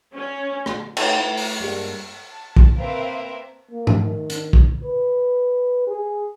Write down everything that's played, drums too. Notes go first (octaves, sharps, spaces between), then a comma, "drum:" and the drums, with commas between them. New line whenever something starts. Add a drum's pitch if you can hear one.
C#4
drum: rim click
A3 D#4 A4 B4 C#5, drum: cymbal
A3 E4 B4
drum: open hi-hat
G2 G3 G#3 A#3
A5
drum: kick
A#3 C4 A#4 B4 E5 F5
A#3
drum: tom G#2
D#3
drum: hi-hat
drum: kick
B4
G#4